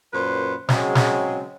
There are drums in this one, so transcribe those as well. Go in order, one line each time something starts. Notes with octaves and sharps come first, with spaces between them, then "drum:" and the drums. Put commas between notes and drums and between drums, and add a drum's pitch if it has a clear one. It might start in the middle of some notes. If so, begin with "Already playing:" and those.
F#2 A#2 B4 C5
C#3 F#3 G#3 C4, drum: snare
drum: snare